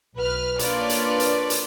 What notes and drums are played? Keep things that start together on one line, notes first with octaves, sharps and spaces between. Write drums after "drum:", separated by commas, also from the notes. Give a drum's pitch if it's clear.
B1 B4 F6
A#3 D4 F4 B4 C#5 D5, drum: hi-hat
drum: hi-hat
drum: hi-hat
drum: hi-hat